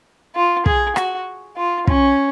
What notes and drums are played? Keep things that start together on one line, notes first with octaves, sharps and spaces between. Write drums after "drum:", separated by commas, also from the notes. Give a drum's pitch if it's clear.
F4
G#4, drum: kick
F#4, drum: rim click
F4
C#4, drum: kick